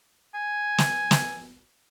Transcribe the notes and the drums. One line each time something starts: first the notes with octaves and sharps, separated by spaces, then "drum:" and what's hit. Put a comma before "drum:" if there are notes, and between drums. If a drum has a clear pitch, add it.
G#5
drum: snare
drum: snare